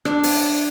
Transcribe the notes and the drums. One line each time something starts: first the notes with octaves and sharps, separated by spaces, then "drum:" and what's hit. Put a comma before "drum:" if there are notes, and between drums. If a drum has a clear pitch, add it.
D4, drum: rim click
drum: open hi-hat